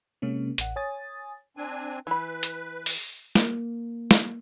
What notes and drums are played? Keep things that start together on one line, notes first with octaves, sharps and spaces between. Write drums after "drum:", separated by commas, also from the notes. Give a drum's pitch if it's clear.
C3 G#3 A#3 C#4
A1 F#5, drum: hi-hat
C#5 G#5 D#6 A6
C4 D4 G#5
E3 B4 B5
drum: hi-hat
drum: open hi-hat
A#3, drum: snare
drum: snare